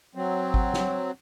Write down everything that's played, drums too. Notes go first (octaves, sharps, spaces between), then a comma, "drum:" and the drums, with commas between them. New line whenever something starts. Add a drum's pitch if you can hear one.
F#3 C4
drum: kick G#1
drum: snare